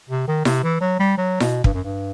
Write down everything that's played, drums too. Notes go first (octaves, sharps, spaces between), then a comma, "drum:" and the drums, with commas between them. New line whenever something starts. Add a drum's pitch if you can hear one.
C3
D#3
C3, drum: snare E4
E3
F#3
G3
F#3
B2, drum: snare E4
G2, drum: kick
F#2
G2